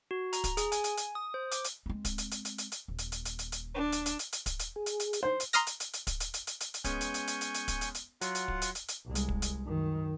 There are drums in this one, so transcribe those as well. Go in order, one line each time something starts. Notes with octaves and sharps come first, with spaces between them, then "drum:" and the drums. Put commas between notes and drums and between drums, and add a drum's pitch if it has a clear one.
F#4
A#5, drum: hi-hat
drum: kick, hi-hat
G#4, drum: hi-hat
G#5, drum: hi-hat
drum: hi-hat
drum: hi-hat
D#6
C5
D6, drum: hi-hat
drum: hi-hat
G#3 C4
drum: kick, hi-hat
drum: hi-hat
drum: hi-hat
drum: hi-hat
drum: hi-hat
drum: hi-hat
D#1
drum: hi-hat
drum: hi-hat
drum: hi-hat
drum: hi-hat
drum: hi-hat
D4
drum: hi-hat
drum: hi-hat
drum: hi-hat
drum: hi-hat
drum: kick, hi-hat
drum: hi-hat
G#4
drum: hi-hat
drum: hi-hat
drum: hi-hat
C5
drum: hi-hat
A#5 C6 D#6 F6 A#6, drum: hi-hat
drum: hi-hat
drum: hi-hat
drum: hi-hat
drum: kick, hi-hat
drum: hi-hat
drum: hi-hat
drum: hi-hat
drum: hi-hat
drum: hi-hat
G#3 B3 C#4 G#5 C#6 G6, drum: kick, hi-hat
drum: hi-hat
drum: hi-hat
drum: hi-hat
drum: hi-hat
drum: hi-hat
drum: kick, hi-hat
drum: hi-hat
drum: hi-hat
F#3 F4 F#5, drum: hi-hat
drum: hi-hat
drum: kick
drum: hi-hat
drum: hi-hat
drum: hi-hat
C2 G#3
drum: hi-hat
drum: kick
drum: hi-hat
F#2 D#3